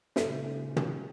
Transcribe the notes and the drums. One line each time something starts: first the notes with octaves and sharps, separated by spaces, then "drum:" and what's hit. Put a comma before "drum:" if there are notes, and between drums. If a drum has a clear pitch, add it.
A#2 C#3 G#3 D#4 G4 A4 E5, drum: snare
drum: tom